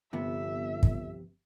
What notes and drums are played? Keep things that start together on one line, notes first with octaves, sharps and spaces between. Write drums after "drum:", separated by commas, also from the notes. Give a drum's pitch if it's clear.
G1 F2 C3 B3 E5
drum: kick